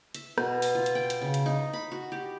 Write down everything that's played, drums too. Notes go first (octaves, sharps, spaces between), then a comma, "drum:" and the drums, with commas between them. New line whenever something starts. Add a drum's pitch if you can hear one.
E5, drum: hi-hat
B2, drum: rim click
drum: open hi-hat
F4
drum: hi-hat
G5
drum: hi-hat
C#3
drum: hi-hat
D#4
B5
F#4
G4